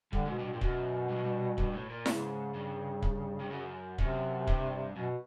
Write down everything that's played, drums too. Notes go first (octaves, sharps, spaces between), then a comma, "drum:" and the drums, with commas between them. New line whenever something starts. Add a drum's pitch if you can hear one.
G2 D3, drum: kick
G#2 B2
G2
B2
G2 A#2
F#2 B2, drum: kick
G2
F#2
G2
G2, drum: kick
A2
A#2
G#2 C#3, drum: snare E4
G2
drum: kick
G2
F#2
F#2 C3, drum: kick
G2, drum: kick
F#2 B2